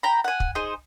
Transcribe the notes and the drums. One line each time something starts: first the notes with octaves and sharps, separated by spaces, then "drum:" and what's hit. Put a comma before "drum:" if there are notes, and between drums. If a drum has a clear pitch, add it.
G5 A#5 B5
F#5 G#5
drum: kick
D#4 G#4 C5